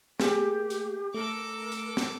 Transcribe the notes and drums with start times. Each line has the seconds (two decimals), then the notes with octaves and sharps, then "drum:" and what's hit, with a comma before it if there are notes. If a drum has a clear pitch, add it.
0.20 A3 A#3 G4 G#4, drum: snare
0.70 drum: hi-hat
1.14 A3 A4 A#4 D6
1.72 drum: hi-hat
1.97 drum: snare